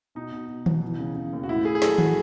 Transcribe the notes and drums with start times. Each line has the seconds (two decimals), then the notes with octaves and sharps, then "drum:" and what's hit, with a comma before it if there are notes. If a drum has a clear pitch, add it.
0.15 B2 D#4
0.32 B2
0.48 B2
0.66 B2, drum: tom
0.83 E3
0.99 C#3
1.16 C#3
1.33 D#2
1.43 F#4
1.49 A2 E4
1.65 A2 G#4
1.75 G#4
1.82 F#3 A4, drum: snare
1.98 A2 F#4, drum: tom